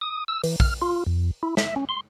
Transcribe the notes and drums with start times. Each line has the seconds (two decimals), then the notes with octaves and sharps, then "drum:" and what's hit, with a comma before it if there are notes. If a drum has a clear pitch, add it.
0.01 D#6
0.28 E6
0.44 E3, drum: open hi-hat
0.60 F6, drum: kick
0.82 F4
1.07 F2
1.43 E4
1.57 E5, drum: snare
1.76 C#4
1.89 C6